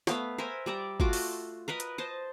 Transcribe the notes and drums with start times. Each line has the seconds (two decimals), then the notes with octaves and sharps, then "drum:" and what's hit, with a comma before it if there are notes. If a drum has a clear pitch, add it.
0.07 A3 B3 F5, drum: snare
0.38 A#4 C5 E5 G#5
0.66 G3 D5 E5 A#5
1.00 A3 F4 F#4 D6, drum: kick
1.13 drum: open hi-hat
1.68 A#4 B4 D#5 B5
1.80 drum: hi-hat
1.98 C5 D#5 A5